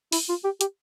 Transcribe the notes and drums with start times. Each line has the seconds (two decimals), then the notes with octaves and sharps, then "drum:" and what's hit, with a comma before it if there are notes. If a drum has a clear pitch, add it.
0.12 E4, drum: open hi-hat
0.29 F4
0.44 G4
0.61 G4, drum: hi-hat